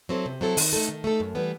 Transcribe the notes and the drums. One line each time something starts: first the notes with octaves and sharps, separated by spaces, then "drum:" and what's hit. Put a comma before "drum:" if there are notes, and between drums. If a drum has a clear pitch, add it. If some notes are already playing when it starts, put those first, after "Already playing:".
F#3 C4 E4 A4
C3
F#3 C4 E4 A4
D#3, drum: open hi-hat
A3 D#4 A4
D#3
A3 D#4 A4
F#2
E3 G3 B3